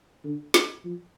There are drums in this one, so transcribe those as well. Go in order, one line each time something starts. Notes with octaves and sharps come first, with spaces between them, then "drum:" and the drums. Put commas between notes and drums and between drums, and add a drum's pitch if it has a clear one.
D3
drum: snare
F3